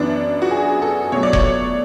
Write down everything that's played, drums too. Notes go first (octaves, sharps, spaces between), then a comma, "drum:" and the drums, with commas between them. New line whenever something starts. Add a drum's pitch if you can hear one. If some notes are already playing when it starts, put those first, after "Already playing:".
Already playing: F#2 E3 B3 D4
F#4
G#4
A4
B2 F#3 A3 C#5
D5
C#5, drum: kick F1